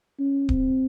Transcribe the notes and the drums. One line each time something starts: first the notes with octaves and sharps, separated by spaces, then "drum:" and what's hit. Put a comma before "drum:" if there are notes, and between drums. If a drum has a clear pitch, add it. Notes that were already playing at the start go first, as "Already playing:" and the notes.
C#4
C4, drum: kick D1